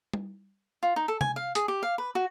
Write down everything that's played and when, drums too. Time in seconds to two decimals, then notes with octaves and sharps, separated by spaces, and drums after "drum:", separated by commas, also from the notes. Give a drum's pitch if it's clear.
0.13 drum: tom G3
0.83 F4
0.96 D#4
1.08 A4
1.21 G#5, drum: tom C3
1.36 F5
1.55 G#4, drum: hi-hat
1.68 G4
1.83 F5
1.98 B4
2.15 F#4